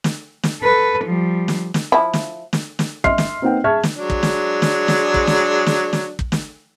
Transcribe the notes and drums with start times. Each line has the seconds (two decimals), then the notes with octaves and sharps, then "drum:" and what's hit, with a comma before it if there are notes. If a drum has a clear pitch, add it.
0.04 drum: snare
0.43 drum: snare
0.61 A4 B4
1.04 F3 G3
1.48 drum: snare
1.74 drum: snare
1.92 F3 E4
2.13 drum: snare
2.53 drum: snare
2.79 drum: snare
3.04 D#5 E5 C6 F6 C7, drum: kick
3.18 drum: snare
3.42 A#3 C4 D#4 B4 F#5 G5
3.64 G#4 E5 A5 C#6 F6 G#6
3.83 drum: snare
3.97 F#3 G#3 D4
4.10 drum: kick
4.23 drum: snare
4.62 drum: snare
4.88 drum: snare
5.14 drum: kick
5.27 drum: snare
5.67 drum: snare
5.93 drum: snare
6.19 drum: kick
6.32 drum: snare